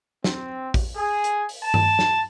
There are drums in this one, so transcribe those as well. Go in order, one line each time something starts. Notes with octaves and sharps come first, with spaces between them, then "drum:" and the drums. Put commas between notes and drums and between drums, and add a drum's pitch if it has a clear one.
C4, drum: snare
drum: kick A1, open hi-hat
G#4
drum: hi-hat
drum: open hi-hat
A5
drum: tom G2
drum: snare